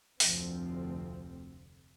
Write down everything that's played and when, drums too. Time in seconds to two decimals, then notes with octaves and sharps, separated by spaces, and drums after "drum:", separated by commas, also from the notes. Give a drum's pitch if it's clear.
0.20 F1 D2 F3 C4, drum: open hi-hat